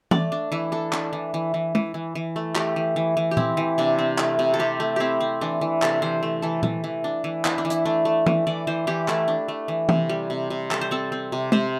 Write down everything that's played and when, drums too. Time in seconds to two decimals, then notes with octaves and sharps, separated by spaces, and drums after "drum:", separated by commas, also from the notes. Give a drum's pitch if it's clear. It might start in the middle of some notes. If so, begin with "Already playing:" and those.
0.11 A3 D5, drum: tom
0.32 D4
0.52 E3 E4
0.72 D4 A4
0.93 D4, drum: clap
1.13 E3
1.34 E3
1.54 E3
1.75 E3, drum: tom
1.94 E3
2.15 E3
2.36 A3
2.55 A3 G4, drum: clap
2.76 E3
2.96 E3
3.17 E3
3.31 G4
3.37 C4 E4, drum: tom A#2
3.57 E3
3.78 C3 D4
3.99 C4
4.18 A3 E4, drum: clap
4.39 C3
4.54 A4
4.59 C4 G4
4.80 A3
4.96 C4 E4 G4
5.21 C4
5.41 E3 D4
5.61 E3
5.82 C3 A4, drum: clap
6.02 E3 C5
6.23 A3
6.42 E3 A4
6.63 E3, drum: tom A#2
6.84 E3
7.04 D4
7.24 E3
7.45 D4 E4, drum: clap
7.58 D4
7.65 E3
7.70 E4, drum: hi-hat
7.85 A3 D4
8.05 A3
8.26 E3, drum: tom
8.47 E3 D5
8.67 E3 C5
8.87 E3 G4
9.08 A3 E4, drum: clap
9.28 D4
9.48 A3
9.68 E3
9.89 C3, drum: tom
10.09 G3
10.30 C3
10.50 C3
10.71 G3 A4, drum: clap
10.81 C5
10.91 C4 A4
11.12 C4
11.32 C3
11.52 C3 C5, drum: tom